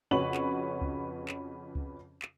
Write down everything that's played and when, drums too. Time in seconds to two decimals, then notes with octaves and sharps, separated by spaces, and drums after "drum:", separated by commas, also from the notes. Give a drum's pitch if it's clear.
0.11 F2 C#3 F#4 B4 C#5 F#7
0.35 drum: clap
0.81 drum: kick C#2
1.28 drum: clap
1.75 drum: kick C#2
2.22 drum: clap